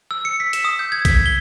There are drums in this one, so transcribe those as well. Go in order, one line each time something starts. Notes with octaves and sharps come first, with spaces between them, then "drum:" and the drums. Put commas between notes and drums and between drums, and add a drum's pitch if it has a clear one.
E6
C#7
B6
E7, drum: hi-hat
D#6
G6
G#6
B6, drum: kick A#1, hi-hat
G7